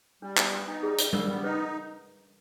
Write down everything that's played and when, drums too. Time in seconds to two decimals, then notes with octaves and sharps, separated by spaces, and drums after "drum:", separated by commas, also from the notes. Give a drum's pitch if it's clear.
0.22 G3 D4
0.37 B3 D4, drum: clap
0.53 B3 D4
0.68 D4 D#4
0.83 G3 G#4
0.98 G3, drum: hi-hat
1.13 G3 A#4, drum: tom G3
1.29 B3
1.44 D#4 B4